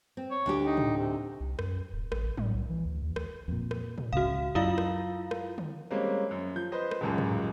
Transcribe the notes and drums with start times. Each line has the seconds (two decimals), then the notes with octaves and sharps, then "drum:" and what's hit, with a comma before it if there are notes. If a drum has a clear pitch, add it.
0.17 C4
0.31 C#5
0.46 D2 D4 G4
0.65 D#4
0.77 drum: tom A2
0.97 C3
1.40 C2
1.59 F#2, drum: rim click
1.93 D1
2.12 A1, drum: rim click
2.37 A2, drum: tom F#3
2.54 B1
2.69 E3
2.85 D2
3.02 D#2
3.16 D2, drum: rim click
3.48 F2 A#2
3.71 drum: rim click
3.98 drum: tom A2
4.13 C#2 C#3 F#4 F5
4.55 F#2 E4 F4 F5
4.78 drum: rim click
5.31 drum: rim click
5.58 drum: tom D3
5.90 G3 G#3 A#3 C4 C#4
6.31 F#2
6.55 F3 G6
6.72 B4 C5 D#5
6.91 drum: rim click
7.01 D#1 C#2 F#2 G#3 A5
7.18 drum: tom G#2